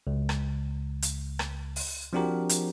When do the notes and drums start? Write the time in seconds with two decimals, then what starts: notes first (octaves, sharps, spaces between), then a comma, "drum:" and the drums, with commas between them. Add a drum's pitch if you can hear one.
0.07 C#2
0.29 drum: rim click
1.02 drum: hi-hat
1.39 drum: rim click
1.76 drum: open hi-hat
2.13 F3 C4 D4 F#4 G4 A#4
2.49 drum: hi-hat